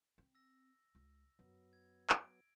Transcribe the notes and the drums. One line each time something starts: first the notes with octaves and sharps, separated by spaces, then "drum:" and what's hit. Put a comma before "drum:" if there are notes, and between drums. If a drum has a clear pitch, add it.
C4
E6 A#6
C#2
F#2 F#3 B3
G#6
D7, drum: clap